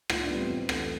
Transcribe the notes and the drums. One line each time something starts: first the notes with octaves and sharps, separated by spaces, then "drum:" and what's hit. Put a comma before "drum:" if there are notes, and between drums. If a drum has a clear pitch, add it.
A2 F4, drum: rim click
D4
G3 B3
C4
F2
E3 A3, drum: rim click